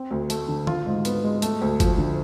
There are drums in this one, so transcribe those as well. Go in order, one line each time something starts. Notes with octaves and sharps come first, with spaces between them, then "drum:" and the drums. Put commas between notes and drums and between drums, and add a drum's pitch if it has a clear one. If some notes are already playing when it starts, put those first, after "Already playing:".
Already playing: C4
D2
A3, drum: hi-hat
D3
F4, drum: tom D#3
G#2
B3, drum: hi-hat
G#3
A3, drum: hi-hat
D2
F3, drum: kick G1, hi-hat
D3